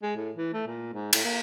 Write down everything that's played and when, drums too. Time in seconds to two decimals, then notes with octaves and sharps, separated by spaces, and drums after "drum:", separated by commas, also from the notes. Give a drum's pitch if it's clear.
0.03 G#3
0.16 A2
0.37 E3
0.53 A3
0.67 A#2
0.93 G#2
1.13 A2, drum: cymbal
1.24 A#3